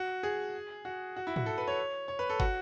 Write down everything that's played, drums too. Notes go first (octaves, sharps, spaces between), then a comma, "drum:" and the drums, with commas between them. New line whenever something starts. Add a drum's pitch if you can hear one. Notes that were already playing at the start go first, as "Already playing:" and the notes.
Already playing: F#4
G#4
F#4
F#4
E4
F#4, drum: tom
A4
B4
C#5
C#5
B4
A4
F#4, drum: kick